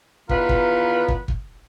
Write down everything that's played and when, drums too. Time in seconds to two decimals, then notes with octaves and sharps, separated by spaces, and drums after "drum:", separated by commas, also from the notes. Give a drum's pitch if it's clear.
0.29 E2 D#3 B3 F4 A#4 B4, drum: kick
0.49 drum: kick
1.08 drum: kick
1.28 drum: kick